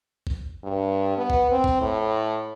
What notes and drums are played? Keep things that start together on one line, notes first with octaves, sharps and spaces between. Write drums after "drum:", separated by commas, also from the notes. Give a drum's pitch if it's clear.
drum: kick G#1
G2
B3
drum: kick G#1
C4
drum: kick G#1
A2